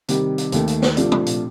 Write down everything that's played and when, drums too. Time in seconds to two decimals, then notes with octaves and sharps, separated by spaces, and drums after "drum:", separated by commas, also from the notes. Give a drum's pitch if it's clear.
0.08 C3 D#3 G3, drum: hi-hat
0.38 drum: hi-hat
0.52 D#2 D#3 A3, drum: hi-hat
0.68 drum: hi-hat
0.82 drum: snare
0.97 C3 F3 A3 D4 F4, drum: hi-hat
1.12 drum: tom
1.26 drum: hi-hat